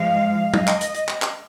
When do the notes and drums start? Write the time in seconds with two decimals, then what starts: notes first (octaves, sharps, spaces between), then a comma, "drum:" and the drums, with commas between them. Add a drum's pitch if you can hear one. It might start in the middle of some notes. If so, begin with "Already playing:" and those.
Already playing: G#2 F3 G#3 F5
0.54 D#5, drum: tom
0.67 drum: clap
0.81 drum: hi-hat
0.95 drum: hi-hat
1.08 drum: clap
1.22 drum: clap